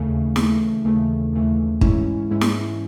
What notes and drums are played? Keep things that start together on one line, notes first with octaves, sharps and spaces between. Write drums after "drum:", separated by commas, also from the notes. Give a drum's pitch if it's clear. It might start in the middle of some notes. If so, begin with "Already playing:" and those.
Already playing: D#2 C#3 E3 A3
D#2 C#3 E3 A3, drum: snare
D#2 C#3 E3 A3
D#2 C#3 E3 A3
G#2 E3 G#3 C#4 E4, drum: kick
G#2 E3 G#3 C#4 E4
drum: snare